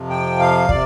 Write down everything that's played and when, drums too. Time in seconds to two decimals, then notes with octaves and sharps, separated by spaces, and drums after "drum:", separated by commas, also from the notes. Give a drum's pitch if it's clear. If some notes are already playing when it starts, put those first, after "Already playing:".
Already playing: F2 C3 F3
0.10 G5
0.40 F5
0.69 C3 D5, drum: kick